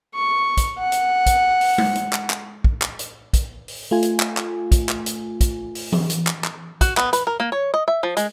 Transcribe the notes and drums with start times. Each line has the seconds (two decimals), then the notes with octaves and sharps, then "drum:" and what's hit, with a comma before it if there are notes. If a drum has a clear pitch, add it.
0.15 C#6
0.57 drum: kick, hi-hat
0.80 F#5
0.92 drum: hi-hat
1.26 drum: kick, hi-hat
1.61 drum: open hi-hat
1.78 drum: tom G#3
1.95 drum: hi-hat
2.13 drum: clap
2.30 drum: clap
2.64 drum: kick
2.82 drum: clap
2.99 drum: hi-hat
3.33 drum: kick, hi-hat
3.68 drum: open hi-hat
3.91 A3 F4 G#5
4.03 drum: hi-hat
4.20 drum: clap
4.37 drum: clap
4.72 drum: kick, hi-hat
4.89 drum: clap
5.06 drum: hi-hat
5.41 drum: kick, hi-hat
5.75 drum: open hi-hat
5.92 drum: tom E3
6.10 drum: hi-hat
6.27 drum: clap
6.44 drum: clap
6.81 F#4, drum: kick, hi-hat
6.97 B3, drum: clap
7.13 B4, drum: hi-hat
7.27 A#4
7.40 A#3
7.52 C#5
7.74 D#5
7.88 E5
8.03 F3
8.17 G#3, drum: hi-hat